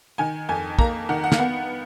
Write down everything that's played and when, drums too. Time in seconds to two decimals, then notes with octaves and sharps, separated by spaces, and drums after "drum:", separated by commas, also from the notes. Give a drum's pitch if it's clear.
0.18 D#3 G#5
0.49 F2 G#5
0.79 A#3 A#5, drum: kick
1.09 D#3 F#5
1.24 F#5
1.32 F5, drum: snare
1.38 B3 F#5